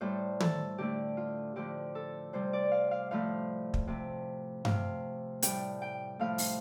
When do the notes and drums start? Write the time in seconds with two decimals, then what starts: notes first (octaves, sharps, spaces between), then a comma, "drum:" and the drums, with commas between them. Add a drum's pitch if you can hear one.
0.01 A2 G3 C5
0.40 A4, drum: tom
0.78 D3 A3 G4
1.17 F4
1.56 D3 F3 A3 G4
1.95 A4
2.33 C3 G3 C5
2.53 D5
2.71 F5
2.91 F5
3.11 A2 F3 A3 F5
3.74 drum: kick
3.87 C3 A3
4.65 C3 A3 F5, drum: tom G2
5.42 A2 G3 G5, drum: hi-hat
5.82 G5
6.19 A2 F3 A3 F5
6.38 drum: open hi-hat